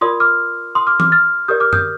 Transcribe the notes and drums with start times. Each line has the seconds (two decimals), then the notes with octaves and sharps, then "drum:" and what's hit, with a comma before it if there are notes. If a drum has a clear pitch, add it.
0.01 F4 A#4 D5 C6 D#6
0.20 D6 F6
0.75 C6 D#6
0.87 D6 F6
1.00 D6 F6, drum: tom E3
1.12 F6 A6
1.48 G4 A#4 D5 D#6 G6
1.60 D6 F6
1.73 D#6 G6, drum: tom F#2